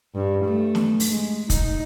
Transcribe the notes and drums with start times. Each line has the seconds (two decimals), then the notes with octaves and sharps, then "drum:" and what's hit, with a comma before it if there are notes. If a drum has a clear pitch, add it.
0.15 G2
0.44 A3
0.75 drum: snare
1.00 drum: open hi-hat
1.09 G#3
1.50 D#4, drum: kick, hi-hat